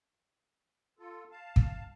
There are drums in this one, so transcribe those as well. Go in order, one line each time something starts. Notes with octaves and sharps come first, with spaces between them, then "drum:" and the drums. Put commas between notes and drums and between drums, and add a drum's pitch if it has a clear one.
F4 A4
F5 A5
G1, drum: kick